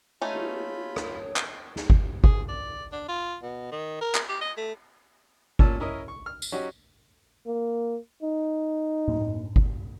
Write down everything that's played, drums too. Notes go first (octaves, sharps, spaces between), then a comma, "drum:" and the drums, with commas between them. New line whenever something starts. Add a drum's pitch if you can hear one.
A3 C#4 D#4 F4 C#5 B5
drum: cymbal
drum: rim click
drum: clap
drum: snare
drum: kick G1
G#4, drum: kick G1
D5
D4
F4
B2
D#3
A#4
drum: clap
G4
D#5
A3
A#2 C#4 A5 E6, drum: kick G1
C#4 E4 A#4 D#5
C#6
F6
drum: tambourine
F#3 C#4 D#4 F#4 G4
A#3
D#4
drum: tom A2
drum: kick G1